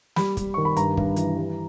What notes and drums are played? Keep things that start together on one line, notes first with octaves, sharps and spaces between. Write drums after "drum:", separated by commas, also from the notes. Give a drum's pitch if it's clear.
G3 B5, drum: snare
G3, drum: kick, hi-hat
D#3 C#6
B5
G2 A#5, drum: hi-hat
G2, drum: kick
E3, drum: hi-hat
G3